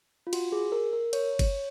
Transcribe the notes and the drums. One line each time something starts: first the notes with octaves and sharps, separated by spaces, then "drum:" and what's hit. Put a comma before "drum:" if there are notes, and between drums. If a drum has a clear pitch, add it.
F4
F#4, drum: cymbal
G#4
A#4
A#4
C#5, drum: cymbal
drum: kick G1, cymbal